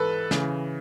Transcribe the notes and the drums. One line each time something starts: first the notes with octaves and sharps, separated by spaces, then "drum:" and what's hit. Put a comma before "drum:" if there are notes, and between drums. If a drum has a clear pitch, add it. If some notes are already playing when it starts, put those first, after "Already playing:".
Already playing: G#2 E3 A4 B4
C#3 E3, drum: snare